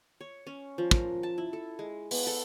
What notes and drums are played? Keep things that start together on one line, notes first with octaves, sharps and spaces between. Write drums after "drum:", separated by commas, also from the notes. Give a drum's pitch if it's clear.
C#5
C#4
F3
A#4, drum: kick
A5
E4
A4
G#3
B3, drum: open hi-hat
A4